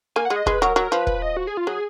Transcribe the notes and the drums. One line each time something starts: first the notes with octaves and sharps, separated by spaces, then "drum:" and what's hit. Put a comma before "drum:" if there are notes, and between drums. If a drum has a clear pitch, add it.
A#3 G#5
F#5
G#3
D#5
G#3 B4, drum: kick
F#3 A#4
F#3 A#4
F3 B4
B4, drum: kick
D#5
F#4
G#4
F4
F#3 G#4